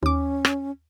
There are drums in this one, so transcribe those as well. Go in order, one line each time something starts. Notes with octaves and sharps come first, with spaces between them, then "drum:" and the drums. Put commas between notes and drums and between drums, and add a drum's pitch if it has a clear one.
D#2 C#4 D6
drum: rim click